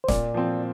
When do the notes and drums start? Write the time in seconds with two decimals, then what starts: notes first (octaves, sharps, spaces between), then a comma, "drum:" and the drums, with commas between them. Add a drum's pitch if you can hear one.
0.04 C5
0.08 A#2 D5, drum: snare
0.34 F3 C4